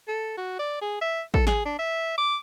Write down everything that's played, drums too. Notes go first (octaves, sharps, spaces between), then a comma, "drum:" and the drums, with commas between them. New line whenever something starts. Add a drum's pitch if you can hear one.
A4
F#4
D5
G#4
E5
A4, drum: kick
G#4, drum: snare
D4
E5
D6